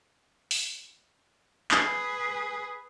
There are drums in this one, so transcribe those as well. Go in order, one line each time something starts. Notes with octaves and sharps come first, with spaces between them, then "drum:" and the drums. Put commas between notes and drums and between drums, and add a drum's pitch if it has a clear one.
drum: open hi-hat
G#4 B4, drum: clap